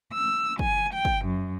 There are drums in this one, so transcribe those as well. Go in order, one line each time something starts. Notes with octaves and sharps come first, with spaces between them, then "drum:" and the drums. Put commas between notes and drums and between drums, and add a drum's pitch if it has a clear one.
E6
G#5, drum: kick
G5
drum: kick
F#2